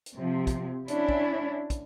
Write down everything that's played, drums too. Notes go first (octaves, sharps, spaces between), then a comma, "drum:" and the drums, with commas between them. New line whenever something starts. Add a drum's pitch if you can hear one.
drum: hi-hat
C3 F3
drum: kick, hi-hat
C#4 D4 E4, drum: hi-hat
drum: kick
drum: kick, hi-hat